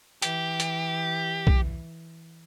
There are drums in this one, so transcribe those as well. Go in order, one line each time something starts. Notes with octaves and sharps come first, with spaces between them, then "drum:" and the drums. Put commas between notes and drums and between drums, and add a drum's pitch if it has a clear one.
E3 G4, drum: hi-hat
drum: hi-hat
drum: kick B1